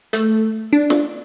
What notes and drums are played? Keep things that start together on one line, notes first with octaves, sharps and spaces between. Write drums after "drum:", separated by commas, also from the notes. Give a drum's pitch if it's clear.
A3, drum: hi-hat
D4
drum: snare